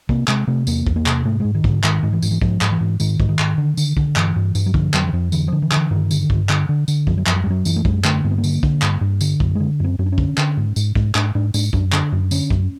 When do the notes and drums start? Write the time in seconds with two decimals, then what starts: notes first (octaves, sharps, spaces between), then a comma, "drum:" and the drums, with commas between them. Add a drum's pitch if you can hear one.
0.09 C3 A#3, drum: kick
0.28 C3 G#3, drum: clap
0.47 C3 A3
0.67 E2 A#3, drum: tambourine
0.87 E2, drum: kick
0.96 A#3
1.06 C3, drum: clap
1.25 G#2 A3
1.40 G#2 G#3
1.55 D#3
1.64 G#2 D3, drum: kick
1.84 G#2 D#3, drum: clap
2.03 G#2
2.12 E3
2.22 G#2, drum: tambourine
2.31 E3
2.42 G#2 F3, drum: kick
2.61 G#2, drum: clap
2.71 E3
2.80 G#2
3.00 G#2 D#3, drum: tambourine
3.20 G#2, drum: kick
3.29 D#3
3.39 G#2, drum: clap
3.58 D3
3.77 D3, drum: tambourine
3.97 D3, drum: kick
4.16 G2 E3, drum: clap
4.36 G2
4.55 G2, drum: tambourine
4.66 F#3
4.74 D3 F3, drum: kick
4.94 F2 F#3, drum: clap
5.07 E3
5.13 F2 F3
5.32 D3 E3, drum: tambourine
5.48 D3 F3
5.62 E3
5.71 D3, drum: clap
5.76 E3
5.91 G2 D#3
6.11 D3, drum: tambourine
6.30 G2, drum: kick
6.49 D3, drum: clap
6.69 D3
6.88 D3, drum: tambourine
7.07 F#2 F3, drum: kick
7.18 F#3
7.26 F#2 F3, drum: clap
7.36 F#3
7.44 G3
7.46 F#2 F#3
7.65 F#2 E3, drum: tambourine
7.76 A3
7.85 F#2 G#3, drum: kick
8.04 D3 A3, drum: clap
8.24 G2 A#3
8.31 B3
8.38 A#3
8.44 D3, drum: tambourine
8.63 D3, drum: kick
8.82 G2, drum: clap
9.01 G2
9.21 D3, drum: tambourine
9.40 F#2, drum: kick
9.55 D3 G#3
9.80 F#2 C4
9.99 F#2 C#4
10.06 D4
10.12 C#4
10.18 D3, drum: kick
10.37 D3, drum: clap
10.57 G#2
10.76 G#2, drum: tambourine
10.95 G#2, drum: kick
11.15 G#2 D4, drum: clap
11.35 G#2 D4
11.54 G#2 D4, drum: tambourine
11.73 F#2 D4, drum: kick
11.92 D3 D4, drum: clap
12.12 F#2
12.31 D3 C#4, drum: tambourine
12.50 F#2, drum: kick